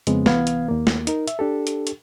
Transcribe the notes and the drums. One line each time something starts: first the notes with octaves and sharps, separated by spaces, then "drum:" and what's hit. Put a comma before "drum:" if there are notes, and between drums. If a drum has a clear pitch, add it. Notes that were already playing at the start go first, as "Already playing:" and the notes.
F2 C#3 G#3 B3 C4, drum: hi-hat
C2 E3 B3 F5 G#6, drum: snare
drum: hi-hat
D#2 A#3
drum: snare
D#4 A#4, drum: hi-hat
E5, drum: hi-hat
D4 G4 A4
drum: hi-hat
drum: hi-hat